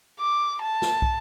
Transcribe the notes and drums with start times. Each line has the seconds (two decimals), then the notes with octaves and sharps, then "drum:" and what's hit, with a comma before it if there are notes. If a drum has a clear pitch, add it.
0.20 D6
0.62 A5
0.82 drum: snare
1.02 drum: kick